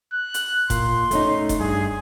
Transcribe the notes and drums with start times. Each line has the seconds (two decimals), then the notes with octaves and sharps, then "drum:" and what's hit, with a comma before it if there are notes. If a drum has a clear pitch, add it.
0.13 F#6
0.34 drum: hi-hat
0.70 A#2 C6, drum: kick F1, hi-hat
1.11 A3 C#4 D#4, drum: hi-hat
1.49 drum: kick F1, hi-hat
1.60 G2 G#4